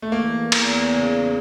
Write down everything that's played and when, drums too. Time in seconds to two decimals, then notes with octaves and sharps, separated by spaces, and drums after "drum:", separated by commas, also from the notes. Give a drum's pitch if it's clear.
0.02 A3
0.12 E2 A#3
0.52 E2, drum: cymbal
0.93 C#3